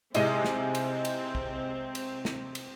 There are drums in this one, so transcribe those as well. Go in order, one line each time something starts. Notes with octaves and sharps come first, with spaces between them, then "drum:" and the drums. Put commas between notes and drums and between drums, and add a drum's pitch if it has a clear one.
G#2 C3 G#3 C4 E4 D#5, drum: cymbal
drum: snare
drum: cymbal
drum: cymbal
drum: kick
drum: cymbal
drum: snare
drum: cymbal